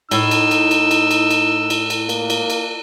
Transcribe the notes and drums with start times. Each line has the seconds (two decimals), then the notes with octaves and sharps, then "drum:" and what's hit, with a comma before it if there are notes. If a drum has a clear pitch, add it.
0.11 A2 D#4 E6, drum: cymbal
0.31 drum: cymbal
0.51 drum: cymbal
0.71 drum: cymbal
0.91 drum: cymbal
1.11 drum: cymbal
1.31 drum: cymbal
1.70 drum: cymbal
1.90 drum: cymbal
2.09 A#3, drum: cymbal
2.30 drum: cymbal
2.50 drum: cymbal